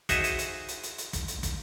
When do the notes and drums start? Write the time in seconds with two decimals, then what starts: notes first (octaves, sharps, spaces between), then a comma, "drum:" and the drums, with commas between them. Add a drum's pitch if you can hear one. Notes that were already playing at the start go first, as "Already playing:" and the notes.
0.09 D#4 F#4 G#4 C5 D#5 E5, drum: kick, hi-hat
0.24 drum: hi-hat
0.39 drum: hi-hat
0.69 drum: hi-hat
0.83 drum: hi-hat
0.98 drum: hi-hat
1.13 drum: kick, hi-hat
1.28 drum: hi-hat
1.43 drum: kick, hi-hat